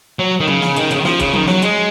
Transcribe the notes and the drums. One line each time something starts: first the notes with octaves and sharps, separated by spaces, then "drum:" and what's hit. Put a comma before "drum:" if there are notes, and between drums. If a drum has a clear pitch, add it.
F#3
D#3
C#3, drum: tom F3
drum: snare
D#3, drum: hi-hat
C#3, drum: hi-hat
D#3
F3, drum: snare
C#3, drum: kick, hi-hat
D#3, drum: tom F3
F#3, drum: snare
G#3, drum: hi-hat